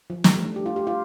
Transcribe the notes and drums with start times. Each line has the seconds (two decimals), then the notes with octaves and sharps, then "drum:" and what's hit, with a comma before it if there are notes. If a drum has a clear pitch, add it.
0.10 F3
0.24 G3, drum: snare
0.36 A3
0.45 D4
0.56 G4
0.66 F4
0.76 G4
0.87 F4